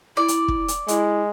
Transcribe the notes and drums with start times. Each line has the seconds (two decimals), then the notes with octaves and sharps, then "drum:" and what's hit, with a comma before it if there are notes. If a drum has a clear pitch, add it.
0.17 E4 D5
0.28 drum: hi-hat
0.48 drum: kick
0.68 drum: hi-hat
0.88 G#3 E4, drum: hi-hat